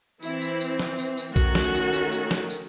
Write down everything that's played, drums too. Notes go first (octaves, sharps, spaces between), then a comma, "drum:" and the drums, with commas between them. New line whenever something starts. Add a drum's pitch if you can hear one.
E3 C4 E4, drum: tambourine
drum: tambourine
drum: tambourine
drum: snare
drum: tambourine
drum: tambourine
D#3 A3 C#4 F#4, drum: kick A#1, tambourine
drum: snare
drum: tambourine
drum: tambourine
drum: tambourine
drum: snare
drum: tambourine